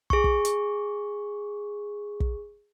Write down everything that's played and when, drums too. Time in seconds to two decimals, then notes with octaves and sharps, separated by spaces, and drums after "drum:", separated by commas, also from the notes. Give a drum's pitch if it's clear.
0.10 G#4 C#6, drum: kick
0.24 drum: kick
0.45 drum: hi-hat
2.20 drum: kick